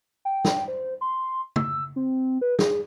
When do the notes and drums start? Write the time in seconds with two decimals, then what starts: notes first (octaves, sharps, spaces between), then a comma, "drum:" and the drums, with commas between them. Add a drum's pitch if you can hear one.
0.25 G5
0.45 drum: snare
0.68 C5
1.01 C6
1.56 E6, drum: tom
1.96 C4
2.41 B4
2.59 G#4, drum: snare